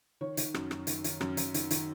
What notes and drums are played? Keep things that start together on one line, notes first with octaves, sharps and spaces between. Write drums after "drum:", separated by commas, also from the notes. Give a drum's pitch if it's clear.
D#3 C#5
D#3, drum: hi-hat
F#2, drum: rim click
F#2, drum: rim click
D#3, drum: hi-hat
D#3, drum: hi-hat
F#2, drum: rim click
F#2, drum: hi-hat
D#3, drum: hi-hat
D#3, drum: hi-hat